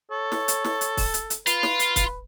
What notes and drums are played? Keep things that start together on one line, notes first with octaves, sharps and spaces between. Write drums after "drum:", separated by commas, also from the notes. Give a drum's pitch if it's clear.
A4 C#5
drum: snare
drum: hi-hat
drum: snare
drum: hi-hat
drum: kick, open hi-hat
drum: hi-hat
drum: hi-hat
F4 B4, drum: hi-hat
drum: snare
drum: hi-hat
drum: kick, hi-hat